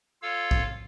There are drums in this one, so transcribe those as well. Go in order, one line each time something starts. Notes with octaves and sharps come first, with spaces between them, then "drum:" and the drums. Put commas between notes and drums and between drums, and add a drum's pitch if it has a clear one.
F4 A4 C#5 F5 E6
drum: kick